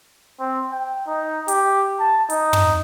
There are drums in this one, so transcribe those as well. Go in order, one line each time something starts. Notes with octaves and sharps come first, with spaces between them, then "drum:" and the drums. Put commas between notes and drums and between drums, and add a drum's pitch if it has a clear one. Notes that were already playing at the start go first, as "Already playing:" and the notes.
C4
G5
D#4
G4, drum: hi-hat
A5
D#4, drum: hi-hat
drum: tom